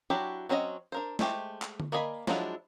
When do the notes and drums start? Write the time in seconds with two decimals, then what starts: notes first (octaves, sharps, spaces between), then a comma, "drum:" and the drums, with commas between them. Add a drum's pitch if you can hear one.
0.10 F#3 D4 E4 F#4 G4
0.49 F#3 C4 C#4 F4 D#5
0.92 D4 A#4 C5
1.19 G#3 A3 G4 C5, drum: snare
1.62 drum: clap
1.80 drum: tom D3
1.92 A#3 D5 D#5 G#5 B5
2.27 F3 F#3 G#3 D4 E4, drum: snare